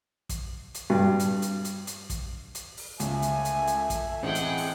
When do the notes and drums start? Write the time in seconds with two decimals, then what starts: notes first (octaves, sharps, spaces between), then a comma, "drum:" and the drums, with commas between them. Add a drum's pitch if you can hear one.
0.29 drum: kick, hi-hat
0.74 drum: hi-hat
0.90 G2
1.20 drum: hi-hat
1.42 drum: hi-hat
1.65 drum: hi-hat
1.87 drum: hi-hat
2.10 drum: kick, hi-hat
2.55 drum: hi-hat
2.77 drum: open hi-hat
3.00 C#2 A3 E5 G#5, drum: hi-hat
3.22 drum: hi-hat
3.45 drum: hi-hat
3.67 drum: hi-hat
3.90 drum: kick, hi-hat
4.23 A1 G#3 C4 G#4 F#5 G5
4.35 drum: hi-hat
4.57 drum: open hi-hat